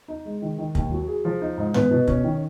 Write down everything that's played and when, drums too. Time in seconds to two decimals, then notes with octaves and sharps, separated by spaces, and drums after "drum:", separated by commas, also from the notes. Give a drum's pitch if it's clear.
0.08 D#4
0.25 G#3
0.42 D#3
0.58 D#3
0.75 D#2, drum: kick
0.91 F#3
1.08 G#4
1.25 F3
1.41 D#4
1.58 G#2
1.74 B3, drum: tom G#2
1.91 B2
2.08 C#4, drum: kick
2.24 D#3